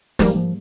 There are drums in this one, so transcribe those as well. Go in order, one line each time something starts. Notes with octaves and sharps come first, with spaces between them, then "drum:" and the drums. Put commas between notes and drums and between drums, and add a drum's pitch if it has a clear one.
G#2 F3 G3 A#3, drum: snare
F3